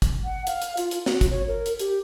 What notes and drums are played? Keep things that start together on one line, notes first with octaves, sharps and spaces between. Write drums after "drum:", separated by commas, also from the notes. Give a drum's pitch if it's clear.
drum: kick, hi-hat
F#5
F5, drum: hi-hat
drum: hi-hat
F4, drum: hi-hat
drum: hi-hat
F#4, drum: snare
drum: kick, hi-hat
C#5
A#4
drum: hi-hat
G4, drum: hi-hat